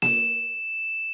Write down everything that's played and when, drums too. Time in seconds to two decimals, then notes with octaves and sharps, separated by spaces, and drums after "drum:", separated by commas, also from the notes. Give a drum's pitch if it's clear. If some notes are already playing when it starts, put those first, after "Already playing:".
0.02 E7, drum: snare A#3